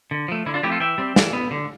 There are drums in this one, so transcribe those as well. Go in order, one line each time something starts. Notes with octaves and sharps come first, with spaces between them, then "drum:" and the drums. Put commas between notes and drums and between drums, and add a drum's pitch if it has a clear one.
D3
F3 A3
D3 E4
D4 F4
F3 A3 C4 E4 G4
F4 A4
E3 E5 G5
G3 C4
E3, drum: snare
B3
D3